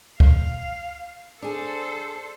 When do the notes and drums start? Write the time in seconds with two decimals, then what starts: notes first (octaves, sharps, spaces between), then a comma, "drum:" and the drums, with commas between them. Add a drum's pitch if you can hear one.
0.20 F5, drum: kick C2
1.42 D4 G#4 A4 C5